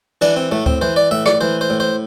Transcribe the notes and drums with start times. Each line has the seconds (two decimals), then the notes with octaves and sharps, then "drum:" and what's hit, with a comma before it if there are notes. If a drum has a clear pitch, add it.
0.21 E3 D4, drum: cymbal
0.36 C4
0.51 A2 A3
0.66 C4, drum: kick D2
0.81 E3 C5
0.96 D5
1.11 A2 E5
1.26 D5, drum: rim click
1.41 E3 C5
1.61 C5
1.70 A2
1.80 C5